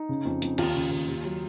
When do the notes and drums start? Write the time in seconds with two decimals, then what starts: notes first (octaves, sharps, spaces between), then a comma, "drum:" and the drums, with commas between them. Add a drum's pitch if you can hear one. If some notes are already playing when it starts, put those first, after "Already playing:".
Already playing: D#4
0.09 C#3
0.25 F2
0.42 F2, drum: hi-hat
0.58 D#2 F4, drum: cymbal
0.75 C#3
0.91 D#2
1.08 D#2
1.25 F#3